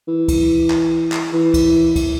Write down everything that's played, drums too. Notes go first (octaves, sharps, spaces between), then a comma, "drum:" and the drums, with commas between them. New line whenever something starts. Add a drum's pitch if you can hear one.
E3
drum: kick, cymbal
drum: clap
drum: clap
E3
drum: kick, cymbal
drum: kick, cymbal